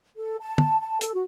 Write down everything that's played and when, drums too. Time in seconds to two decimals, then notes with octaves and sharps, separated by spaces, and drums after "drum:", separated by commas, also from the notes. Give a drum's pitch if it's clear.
0.16 A4
0.40 A5
0.58 drum: tom
0.80 A5
1.01 A4, drum: hi-hat
1.14 F#4